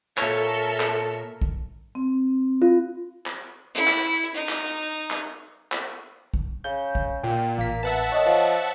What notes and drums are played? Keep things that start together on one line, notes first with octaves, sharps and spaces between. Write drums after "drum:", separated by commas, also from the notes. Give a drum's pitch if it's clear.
A#2 A4 A#4 C#5 E5 F6, drum: clap
drum: clap
drum: kick
C4
F4
drum: clap
E4
drum: clap
D#4
drum: clap
drum: clap
drum: clap
drum: kick
C#3 G6
drum: kick
A#2 G5
A1 A#3 B6
B3 E5 F#5 A5
D#3 C#5 D#5
F3